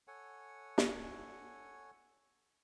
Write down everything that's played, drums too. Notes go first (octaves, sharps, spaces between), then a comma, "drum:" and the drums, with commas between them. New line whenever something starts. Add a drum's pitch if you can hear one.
A4 C#5 F#5 G#5
drum: snare